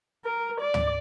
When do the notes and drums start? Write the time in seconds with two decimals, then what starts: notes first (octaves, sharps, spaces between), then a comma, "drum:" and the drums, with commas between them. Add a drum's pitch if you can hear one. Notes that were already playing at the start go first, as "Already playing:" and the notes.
0.25 A#4
0.61 D5
0.74 drum: tom